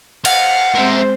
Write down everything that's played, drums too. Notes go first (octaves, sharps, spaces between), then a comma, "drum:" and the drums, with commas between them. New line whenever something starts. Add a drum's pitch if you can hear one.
F5 F#5, drum: cymbal
G#3 C4 A#4 C5 E5